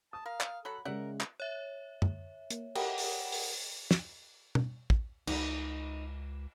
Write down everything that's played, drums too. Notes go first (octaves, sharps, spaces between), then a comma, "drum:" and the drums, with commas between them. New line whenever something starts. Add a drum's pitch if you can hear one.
A5 D#6
A#4 F5
drum: clap
F#3 A4 F#5 B5
C#3 G#3 A#4 D5 E5 F#5
drum: clap
C#5 E5
drum: tom F#2
A#3, drum: hi-hat
G4 A#4 F#5 G5 D#6, drum: cymbal
drum: open hi-hat
drum: open hi-hat
drum: snare
drum: tom B2
drum: kick
C#2 D#4, drum: cymbal